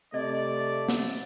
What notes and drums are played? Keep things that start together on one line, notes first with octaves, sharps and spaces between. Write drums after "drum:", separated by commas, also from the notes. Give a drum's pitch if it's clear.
C3 A3 D5 D#5
drum: snare